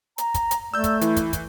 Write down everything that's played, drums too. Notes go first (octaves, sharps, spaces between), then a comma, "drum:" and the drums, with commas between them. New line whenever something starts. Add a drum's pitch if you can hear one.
A#5, drum: hi-hat
drum: kick, hi-hat
drum: hi-hat
A3 D5 E6 G6
drum: kick, hi-hat
E3 E4, drum: hi-hat
drum: kick, hi-hat
drum: kick, hi-hat